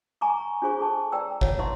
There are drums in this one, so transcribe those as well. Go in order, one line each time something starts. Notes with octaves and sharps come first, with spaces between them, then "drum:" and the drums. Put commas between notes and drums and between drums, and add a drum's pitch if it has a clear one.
G#5 A#5 C#6 D6
D4 F4 G#4 C5 G#5 C#6
G#4 A4 A5
B4 D5 G5 A#5 E6
F4 C#5 E5 F#5, drum: kick G1
D#4 B4 E5 A#5 C6 C#6